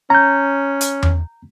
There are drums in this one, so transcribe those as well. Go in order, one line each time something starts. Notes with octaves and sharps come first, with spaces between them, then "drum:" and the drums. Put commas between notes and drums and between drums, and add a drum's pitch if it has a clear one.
C#4 A#5 G6
drum: hi-hat
drum: tom E2